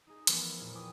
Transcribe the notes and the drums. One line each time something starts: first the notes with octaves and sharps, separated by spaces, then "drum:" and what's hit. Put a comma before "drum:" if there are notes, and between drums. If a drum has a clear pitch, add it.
D#4 G#4
E3 F3 A3 B3 A#4, drum: hi-hat
E2 A#2
F3 E4 G5 G#5 D6 D#6